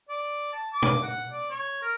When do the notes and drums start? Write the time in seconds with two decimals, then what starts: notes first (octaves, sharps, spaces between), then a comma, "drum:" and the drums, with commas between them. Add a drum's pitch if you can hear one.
0.09 D5
0.52 A5
0.73 D6
0.82 drum: tom
1.03 F#5
1.31 D5
1.50 C#5
1.82 A#4